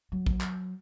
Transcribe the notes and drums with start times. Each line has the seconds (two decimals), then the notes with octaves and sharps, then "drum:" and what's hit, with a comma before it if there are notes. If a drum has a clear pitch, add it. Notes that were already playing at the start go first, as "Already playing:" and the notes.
0.12 F#3
0.26 drum: kick
0.41 drum: clap